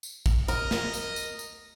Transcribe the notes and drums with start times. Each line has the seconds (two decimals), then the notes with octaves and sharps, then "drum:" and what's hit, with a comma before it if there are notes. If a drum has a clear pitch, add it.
0.03 drum: tambourine
0.26 drum: kick, tambourine
0.48 A#4 D#5, drum: tambourine
0.71 drum: snare
0.94 drum: tambourine
1.16 drum: tambourine
1.39 drum: tambourine